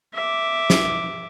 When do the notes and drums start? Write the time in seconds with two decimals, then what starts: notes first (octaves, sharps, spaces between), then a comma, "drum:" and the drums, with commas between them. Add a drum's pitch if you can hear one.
0.15 E5 D6
0.70 drum: snare